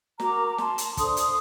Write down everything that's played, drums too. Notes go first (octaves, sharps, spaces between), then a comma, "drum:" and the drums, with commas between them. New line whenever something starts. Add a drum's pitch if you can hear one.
F#4 A#4 A#5 D6, drum: snare
A#5
A5 C6, drum: snare
drum: hi-hat
D4 A4 C5 C6 D#6, drum: kick, hi-hat
drum: hi-hat